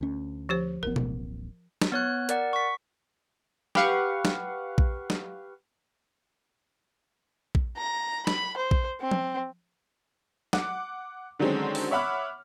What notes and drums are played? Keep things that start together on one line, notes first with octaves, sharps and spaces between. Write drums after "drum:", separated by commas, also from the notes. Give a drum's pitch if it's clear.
D2 C#4
F3 G4 C5
D1 A1 B3 A#4
drum: tom B2
drum: snare
B3 C#5 F#6
A#4 D5 F#5, drum: hi-hat
C#6 B6
G4 B4 F5 F#5 C#6, drum: snare
drum: snare
drum: kick A#1
drum: snare
drum: kick A#1
A#5
B5, drum: snare
C5
drum: kick A#1
C4
drum: tom F3
F#5 D6, drum: snare
D3 D#3 F#3 G#3 C4 C#4
drum: open hi-hat
C#5 E5 F#5 B5 D6 F6